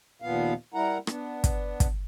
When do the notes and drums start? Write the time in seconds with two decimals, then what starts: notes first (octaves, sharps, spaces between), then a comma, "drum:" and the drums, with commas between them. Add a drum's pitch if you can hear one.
0.22 D#2 A#2 F3 B3 F5
0.74 G3 E4 A#4 F#5 A#5
1.07 B3 D4, drum: rim click
1.44 drum: kick, hi-hat
1.80 drum: kick, hi-hat